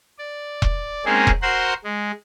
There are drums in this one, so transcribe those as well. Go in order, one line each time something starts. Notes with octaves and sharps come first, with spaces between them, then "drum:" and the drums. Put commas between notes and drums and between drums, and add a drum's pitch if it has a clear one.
D5
drum: kick E1
G#3 A#3 C4 C#4 D#4 G#4
drum: kick E1
F#4 A#4 C5 F#5 C6
G#3